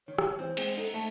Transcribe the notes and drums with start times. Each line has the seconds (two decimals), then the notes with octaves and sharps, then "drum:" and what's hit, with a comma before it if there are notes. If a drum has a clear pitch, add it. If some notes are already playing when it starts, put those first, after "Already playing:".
0.08 D#3 C#5
0.18 drum: rim click
0.39 E3 C4 C5
0.57 G#3 C4 G#4, drum: cymbal
0.77 D#4 A4
0.94 A3 A5